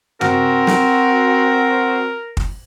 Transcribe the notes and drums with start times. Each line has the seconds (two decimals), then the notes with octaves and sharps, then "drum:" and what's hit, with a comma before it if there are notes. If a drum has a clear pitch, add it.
0.21 C4 F#4 A#4, drum: tom
0.67 drum: snare
2.37 drum: kick